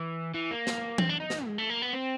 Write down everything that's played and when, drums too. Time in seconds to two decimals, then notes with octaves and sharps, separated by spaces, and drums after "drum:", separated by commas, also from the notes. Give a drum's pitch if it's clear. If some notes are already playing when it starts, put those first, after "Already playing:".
Already playing: E3
0.35 E3
0.51 A#3
0.67 drum: snare
0.98 C4, drum: tom E3
1.09 D4
1.20 D#4
1.30 drum: snare
1.47 G#3
1.58 A3
1.70 A#3
1.82 B3
1.94 C4